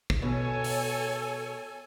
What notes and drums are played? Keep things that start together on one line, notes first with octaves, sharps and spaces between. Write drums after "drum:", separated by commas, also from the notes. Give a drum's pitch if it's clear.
drum: kick
B2 A4 C#5 G#5
drum: open hi-hat